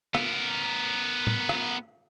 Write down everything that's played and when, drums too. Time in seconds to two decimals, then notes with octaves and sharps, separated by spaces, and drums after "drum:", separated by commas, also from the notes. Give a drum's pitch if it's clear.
0.15 B3 A#4, drum: rim click
1.27 drum: tom
1.49 drum: rim click